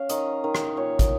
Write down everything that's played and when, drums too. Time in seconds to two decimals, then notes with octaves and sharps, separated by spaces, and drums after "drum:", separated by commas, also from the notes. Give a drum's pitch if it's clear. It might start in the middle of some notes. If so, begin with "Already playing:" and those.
Already playing: C#4 F5
0.09 D#3 D#5, drum: hi-hat
0.44 D#3 A#4
0.55 drum: rim click
0.76 A#2 C#5
0.99 drum: kick, hi-hat